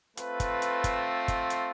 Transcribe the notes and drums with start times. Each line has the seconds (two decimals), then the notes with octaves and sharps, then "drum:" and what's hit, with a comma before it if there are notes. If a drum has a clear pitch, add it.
0.17 A3 C4 F4 B4, drum: hi-hat
0.40 drum: kick G1, hi-hat
0.62 drum: hi-hat
0.84 drum: kick G1, hi-hat
1.28 drum: kick G1, hi-hat
1.50 drum: hi-hat